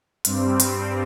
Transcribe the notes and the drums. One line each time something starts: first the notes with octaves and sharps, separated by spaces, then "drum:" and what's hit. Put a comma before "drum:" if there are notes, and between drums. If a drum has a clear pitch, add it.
G2 G3 C4, drum: hi-hat
drum: hi-hat